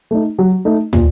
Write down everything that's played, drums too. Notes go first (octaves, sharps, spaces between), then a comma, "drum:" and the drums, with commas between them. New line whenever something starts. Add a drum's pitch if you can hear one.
A3 D#4
F#3
A3 D#4
A#2, drum: tom